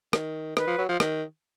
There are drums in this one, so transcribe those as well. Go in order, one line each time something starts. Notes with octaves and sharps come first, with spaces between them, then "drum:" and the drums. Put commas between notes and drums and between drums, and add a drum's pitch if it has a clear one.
D#3, drum: rim click
D#3 B4, drum: rim click
F3
F#3
F3
D#3, drum: rim click